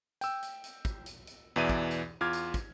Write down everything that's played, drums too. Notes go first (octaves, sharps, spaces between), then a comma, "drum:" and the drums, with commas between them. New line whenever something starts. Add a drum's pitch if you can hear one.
G5 E6, drum: hi-hat
drum: hi-hat
drum: hi-hat
drum: kick, hi-hat
drum: hi-hat
drum: hi-hat
E2 B2 E3 D5 E5 D#7
drum: kick
drum: hi-hat
E2 F4 D6 F6 G#6
drum: hi-hat
drum: kick, hi-hat